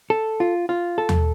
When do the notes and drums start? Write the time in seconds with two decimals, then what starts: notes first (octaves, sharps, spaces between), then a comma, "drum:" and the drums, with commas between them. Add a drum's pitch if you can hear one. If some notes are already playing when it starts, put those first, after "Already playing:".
0.10 A4
0.40 F4
0.69 F4
0.98 A4
1.09 drum: tom